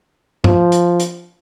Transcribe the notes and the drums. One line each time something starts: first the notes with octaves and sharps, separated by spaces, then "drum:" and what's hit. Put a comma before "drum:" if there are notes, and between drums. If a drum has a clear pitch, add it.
F3, drum: tom
drum: hi-hat
drum: hi-hat